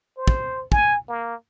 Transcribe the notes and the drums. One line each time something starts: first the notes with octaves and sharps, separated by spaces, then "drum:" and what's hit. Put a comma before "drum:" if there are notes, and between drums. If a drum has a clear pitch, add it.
C5
drum: kick
G#5, drum: kick
A#3